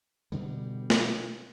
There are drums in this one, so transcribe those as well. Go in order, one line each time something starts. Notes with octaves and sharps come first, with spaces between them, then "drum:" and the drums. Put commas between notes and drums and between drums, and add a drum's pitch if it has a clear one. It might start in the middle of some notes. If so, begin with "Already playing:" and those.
G2 B2 D3 G3
drum: snare